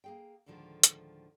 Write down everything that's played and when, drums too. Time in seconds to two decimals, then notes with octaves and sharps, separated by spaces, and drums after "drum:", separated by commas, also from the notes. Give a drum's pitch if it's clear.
0.04 A#3 G#4 G5
0.46 D2 A2 D3 D#3 F3 G#3
0.83 drum: hi-hat